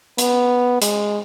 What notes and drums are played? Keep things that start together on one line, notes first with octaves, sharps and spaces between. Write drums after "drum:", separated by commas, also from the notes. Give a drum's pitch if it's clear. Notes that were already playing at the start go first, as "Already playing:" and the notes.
B3, drum: hi-hat
G#3, drum: hi-hat